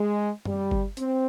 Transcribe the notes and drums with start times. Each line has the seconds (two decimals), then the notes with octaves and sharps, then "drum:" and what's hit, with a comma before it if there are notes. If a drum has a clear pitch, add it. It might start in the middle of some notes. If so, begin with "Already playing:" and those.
Already playing: G#3
0.45 G3, drum: tom F#2
0.71 drum: kick G1
0.97 C4, drum: hi-hat